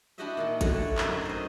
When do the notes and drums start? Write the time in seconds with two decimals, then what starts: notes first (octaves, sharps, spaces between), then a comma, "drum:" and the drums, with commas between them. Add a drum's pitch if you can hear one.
0.18 D4 E4 F#4 G4 D#5 E5
0.37 A#2 D#3 A5
0.61 A2 D3 A3 F#4 C#5, drum: kick G#1, hi-hat
0.98 F#2 D#3 F#3, drum: clap
1.25 C5 D#5